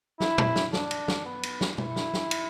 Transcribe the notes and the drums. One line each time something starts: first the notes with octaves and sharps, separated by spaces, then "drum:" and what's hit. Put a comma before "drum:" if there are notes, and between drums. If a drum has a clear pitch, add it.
E4, drum: snare
drum: tom
drum: snare
D4, drum: snare
drum: cymbal
drum: snare
B3
drum: cymbal
drum: snare
E4, drum: tom B2
drum: snare
drum: snare
drum: cymbal